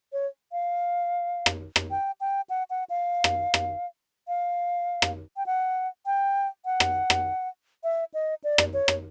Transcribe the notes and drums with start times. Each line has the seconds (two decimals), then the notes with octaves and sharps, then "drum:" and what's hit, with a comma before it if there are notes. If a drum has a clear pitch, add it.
0.13 C#5
0.52 F5
1.46 drum: rim click
1.76 drum: rim click
1.91 G5
2.21 G5
2.50 F#5
2.70 F#5
2.90 F5
3.24 drum: rim click
3.54 drum: rim click
4.28 F5
5.02 drum: rim click
5.37 G5
5.46 F#5
6.06 G5
6.65 F#5
6.80 drum: rim click
7.10 drum: rim click
7.84 E5
8.14 D#5
8.44 D5
8.58 drum: rim click
8.73 C#5
8.88 drum: rim click